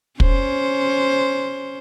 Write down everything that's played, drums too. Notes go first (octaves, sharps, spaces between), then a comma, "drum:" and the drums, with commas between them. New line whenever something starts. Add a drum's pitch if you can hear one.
C#4 C5, drum: kick